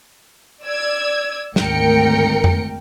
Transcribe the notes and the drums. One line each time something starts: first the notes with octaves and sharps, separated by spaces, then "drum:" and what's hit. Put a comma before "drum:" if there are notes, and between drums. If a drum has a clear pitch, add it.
D5 E6 G#6
G#1 D2 A#4 G5 C#7, drum: snare
drum: tom F2